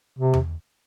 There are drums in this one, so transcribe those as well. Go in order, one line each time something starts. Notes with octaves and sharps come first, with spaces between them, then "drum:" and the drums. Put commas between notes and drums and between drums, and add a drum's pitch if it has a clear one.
C3
drum: tom E2